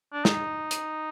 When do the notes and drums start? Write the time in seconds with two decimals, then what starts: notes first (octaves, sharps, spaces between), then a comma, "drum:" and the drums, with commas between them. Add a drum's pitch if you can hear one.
0.13 D4
0.25 D#4, drum: snare
0.71 drum: hi-hat